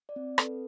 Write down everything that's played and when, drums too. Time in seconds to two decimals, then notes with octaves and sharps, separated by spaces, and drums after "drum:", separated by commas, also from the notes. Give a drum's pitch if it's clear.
0.09 D5
0.16 C4
0.38 A4 B4, drum: rim click